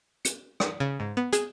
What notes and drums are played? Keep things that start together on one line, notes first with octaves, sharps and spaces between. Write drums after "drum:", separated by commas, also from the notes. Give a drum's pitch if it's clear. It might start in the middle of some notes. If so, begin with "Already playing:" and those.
C#7, drum: hi-hat
drum: rim click
C#3
G#2
B3
G#4, drum: hi-hat